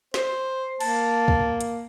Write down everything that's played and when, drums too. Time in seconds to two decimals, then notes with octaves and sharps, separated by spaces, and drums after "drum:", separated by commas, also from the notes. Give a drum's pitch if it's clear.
0.14 C5, drum: snare
0.80 A#3 A5, drum: cymbal
1.28 drum: kick
1.61 drum: hi-hat